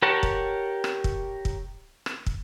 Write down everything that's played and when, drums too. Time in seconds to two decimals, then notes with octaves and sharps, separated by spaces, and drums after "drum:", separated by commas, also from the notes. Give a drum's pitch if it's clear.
0.02 G4 A#4 C#5 F#5 A5
0.23 drum: kick
0.84 drum: rim click
1.04 drum: kick
1.45 drum: kick
2.06 drum: rim click
2.26 drum: kick